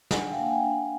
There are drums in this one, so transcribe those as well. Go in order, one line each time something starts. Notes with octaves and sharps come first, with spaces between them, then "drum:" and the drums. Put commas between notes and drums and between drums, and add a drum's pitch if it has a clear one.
D4 F#5 G#5, drum: snare
F5 G5
A#3
F#5 G#5
D4
F#5 G#5